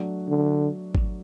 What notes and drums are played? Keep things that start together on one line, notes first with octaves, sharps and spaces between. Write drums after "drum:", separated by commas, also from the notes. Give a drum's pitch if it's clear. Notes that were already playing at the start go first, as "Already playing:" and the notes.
Already playing: F#3 A3 D4 F#4
D3
drum: kick